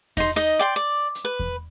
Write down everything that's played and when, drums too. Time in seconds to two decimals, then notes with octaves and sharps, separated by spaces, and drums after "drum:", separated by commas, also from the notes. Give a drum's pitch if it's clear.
0.17 D#4 C6, drum: kick E2, open hi-hat
0.36 D#4 D#5
0.59 D5 G5 C6
0.76 D5
1.15 drum: hi-hat
1.25 B4
1.39 drum: kick E2